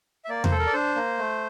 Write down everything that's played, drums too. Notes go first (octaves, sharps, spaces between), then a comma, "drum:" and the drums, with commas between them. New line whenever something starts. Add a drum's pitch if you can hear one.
E5
A#3 D5
C5, drum: tom E2
A4
A#4
D5
D4 C5
A#3
A3